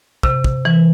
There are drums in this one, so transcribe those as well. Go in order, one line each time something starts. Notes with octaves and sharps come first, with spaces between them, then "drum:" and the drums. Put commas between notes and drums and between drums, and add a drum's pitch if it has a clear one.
C3, drum: kick
drum: kick
E3